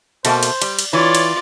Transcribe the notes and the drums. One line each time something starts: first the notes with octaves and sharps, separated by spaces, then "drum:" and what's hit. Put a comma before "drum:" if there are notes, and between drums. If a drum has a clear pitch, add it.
B2 A3 A#3 C5, drum: cymbal
drum: cymbal
G3, drum: cymbal
drum: cymbal
E3 F4 C#5 D5
drum: cymbal